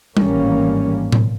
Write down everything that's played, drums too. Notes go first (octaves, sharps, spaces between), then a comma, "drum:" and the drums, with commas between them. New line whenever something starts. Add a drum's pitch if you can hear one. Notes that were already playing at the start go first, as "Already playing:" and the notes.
G#1 A2 E3 G3 A#3 C#4, drum: tom G3
drum: tom A2